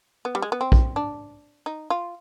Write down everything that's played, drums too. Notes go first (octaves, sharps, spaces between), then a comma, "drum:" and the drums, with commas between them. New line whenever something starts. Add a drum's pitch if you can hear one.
B3
G3
G#3
B3
C4
drum: kick A#1
D4
D#4
F4